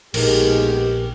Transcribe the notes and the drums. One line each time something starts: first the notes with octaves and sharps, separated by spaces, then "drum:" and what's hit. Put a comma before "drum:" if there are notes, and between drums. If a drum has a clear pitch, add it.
A#1 B2 G#3 D#4 G4 A#4, drum: cymbal